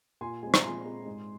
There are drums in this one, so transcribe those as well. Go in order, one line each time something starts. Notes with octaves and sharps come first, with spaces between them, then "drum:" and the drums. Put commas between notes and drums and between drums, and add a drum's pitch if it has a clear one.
A#2 G#5 C6
G#3 C4 G#5
A#5, drum: rim click
A#2 G#5 C6
G#3 C4
G#2